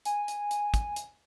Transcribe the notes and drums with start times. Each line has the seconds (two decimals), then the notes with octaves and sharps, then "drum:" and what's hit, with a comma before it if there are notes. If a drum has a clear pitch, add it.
0.05 G#5, drum: hi-hat
0.28 drum: hi-hat
0.51 drum: hi-hat
0.74 drum: kick, hi-hat
0.96 drum: hi-hat